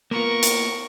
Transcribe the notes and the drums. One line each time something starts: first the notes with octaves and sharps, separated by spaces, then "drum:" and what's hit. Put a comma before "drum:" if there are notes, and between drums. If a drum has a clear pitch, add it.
A#3 B3 F4 A#4 C#6
drum: hi-hat